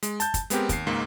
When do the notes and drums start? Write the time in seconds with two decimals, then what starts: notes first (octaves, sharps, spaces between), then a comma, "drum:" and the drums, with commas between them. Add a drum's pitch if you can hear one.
0.03 G#3, drum: hi-hat
0.20 A5 G6, drum: hi-hat
0.34 drum: kick, hi-hat
0.50 G#3 B3 C4 G4 A#4, drum: hi-hat
0.69 D#2 C7, drum: kick, hi-hat
0.86 C#2 G#2 A#3